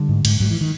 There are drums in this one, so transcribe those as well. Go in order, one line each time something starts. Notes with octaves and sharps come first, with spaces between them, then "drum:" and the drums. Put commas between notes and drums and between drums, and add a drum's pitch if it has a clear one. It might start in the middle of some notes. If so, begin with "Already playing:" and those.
Already playing: D3 G3
G#2
G#2, drum: cymbal
G#2 F#3
E3
D#3